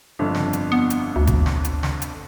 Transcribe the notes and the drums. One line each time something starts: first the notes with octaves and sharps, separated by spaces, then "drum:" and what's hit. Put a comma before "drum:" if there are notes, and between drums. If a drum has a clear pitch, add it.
G1 F2 D3
drum: snare
drum: hi-hat
B3
drum: hi-hat
D2
drum: kick G#1, hi-hat
drum: snare
drum: hi-hat
drum: snare
drum: hi-hat